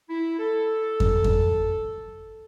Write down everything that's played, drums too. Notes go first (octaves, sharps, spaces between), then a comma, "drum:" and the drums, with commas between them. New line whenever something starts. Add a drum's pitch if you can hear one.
E4
A4
drum: kick F2
drum: kick F2